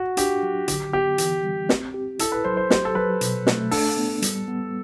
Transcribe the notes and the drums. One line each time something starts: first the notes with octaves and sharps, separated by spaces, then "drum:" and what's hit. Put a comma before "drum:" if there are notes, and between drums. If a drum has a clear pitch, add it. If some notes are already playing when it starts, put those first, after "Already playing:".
Already playing: F#4
D4 G4, drum: hi-hat
F#3
D3 G4, drum: hi-hat
B3 G4
E3, drum: hi-hat
G3
C4, drum: snare
G4
E4 A4, drum: hi-hat
B4
F#3 C5
C5
G4 C5, drum: snare
A4
F#3 B4
B2, drum: hi-hat
A3, drum: snare
D4 A4, drum: open hi-hat
B3
G3, drum: hi-hat
B3